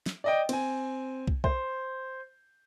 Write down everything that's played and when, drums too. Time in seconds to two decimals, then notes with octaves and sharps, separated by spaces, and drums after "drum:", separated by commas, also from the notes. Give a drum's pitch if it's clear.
0.06 drum: snare
0.24 D5 D#5 G5
0.49 C4 G#5, drum: cymbal
1.28 drum: kick
1.44 C5, drum: kick